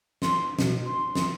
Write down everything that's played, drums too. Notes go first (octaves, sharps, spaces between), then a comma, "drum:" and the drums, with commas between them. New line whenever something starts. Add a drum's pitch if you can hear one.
C6, drum: snare
B2, drum: snare
C6
drum: snare